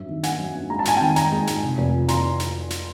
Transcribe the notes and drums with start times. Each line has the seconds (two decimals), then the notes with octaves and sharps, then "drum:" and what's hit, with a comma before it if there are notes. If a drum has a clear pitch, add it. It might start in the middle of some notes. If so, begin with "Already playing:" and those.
Already playing: G2 F#3 E5
0.09 D#3
0.23 G2 F#5 G#5, drum: snare
0.39 F#3
0.55 G2
0.70 G#3 A#5
0.79 A5
0.85 G#2 G#5, drum: snare
0.97 D#3 G5 A5
1.16 G#2 G#5 A#5, drum: snare
1.32 G#3
1.47 G#2, drum: snare
1.63 C3
1.78 F1
1.94 F2
2.08 E3 A#5 C6, drum: snare
2.40 drum: snare
2.70 drum: snare